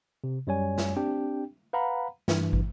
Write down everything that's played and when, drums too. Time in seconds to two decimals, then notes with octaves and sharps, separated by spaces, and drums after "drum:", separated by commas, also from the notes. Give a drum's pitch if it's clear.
0.24 C3
0.47 F#2 G3 C#5 G#5
0.78 drum: snare
0.96 C4 D4 G4 G5
1.73 B4 F5 F#5 A#5 B5
2.28 G2 E3, drum: snare
2.53 drum: kick